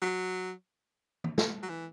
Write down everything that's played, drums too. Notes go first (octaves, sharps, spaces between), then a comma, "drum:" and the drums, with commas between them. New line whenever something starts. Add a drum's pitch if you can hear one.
F#3
drum: tom E3
drum: snare
F#3
E3